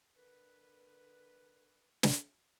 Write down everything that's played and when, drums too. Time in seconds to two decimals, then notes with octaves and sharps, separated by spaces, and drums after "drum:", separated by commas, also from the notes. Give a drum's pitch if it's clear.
0.16 D3 A#4 B4
2.03 drum: snare